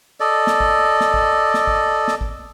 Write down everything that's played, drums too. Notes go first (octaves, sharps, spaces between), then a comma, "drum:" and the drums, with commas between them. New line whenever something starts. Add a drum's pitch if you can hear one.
A4 D5 D#5
drum: snare
drum: kick
drum: snare
drum: kick
drum: snare
drum: kick
drum: snare
drum: kick